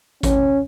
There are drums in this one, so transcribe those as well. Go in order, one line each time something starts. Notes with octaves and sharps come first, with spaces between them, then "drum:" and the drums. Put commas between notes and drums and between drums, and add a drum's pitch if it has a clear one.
C#4, drum: kick A1, hi-hat